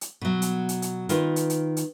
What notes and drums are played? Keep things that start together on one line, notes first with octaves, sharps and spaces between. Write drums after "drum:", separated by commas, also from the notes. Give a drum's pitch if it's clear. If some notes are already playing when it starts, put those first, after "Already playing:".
drum: hi-hat
B2 F#3
drum: hi-hat
drum: hi-hat
drum: hi-hat
D#3 F4 B4, drum: hi-hat
drum: hi-hat
drum: hi-hat
drum: hi-hat